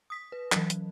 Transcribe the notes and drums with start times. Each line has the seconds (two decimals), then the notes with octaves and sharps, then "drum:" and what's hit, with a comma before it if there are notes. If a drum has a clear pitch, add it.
0.10 D#6 B6
0.32 B4
0.52 E3 F#3, drum: clap
0.70 drum: hi-hat